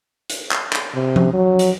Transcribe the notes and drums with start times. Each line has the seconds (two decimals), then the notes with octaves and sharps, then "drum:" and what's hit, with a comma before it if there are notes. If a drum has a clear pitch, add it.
0.30 drum: hi-hat
0.51 drum: clap
0.73 drum: clap
0.94 C3
1.16 drum: tom F3
1.33 F#3
1.59 drum: hi-hat